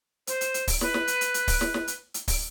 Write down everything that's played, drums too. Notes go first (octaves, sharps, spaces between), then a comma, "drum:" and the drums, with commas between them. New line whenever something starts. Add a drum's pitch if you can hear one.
C5, drum: hi-hat
drum: hi-hat
drum: hi-hat
drum: kick, open hi-hat
B4, drum: snare
drum: snare
drum: hi-hat
drum: hi-hat
drum: hi-hat
drum: kick, open hi-hat
drum: snare
drum: snare
drum: hi-hat
drum: hi-hat
drum: kick, open hi-hat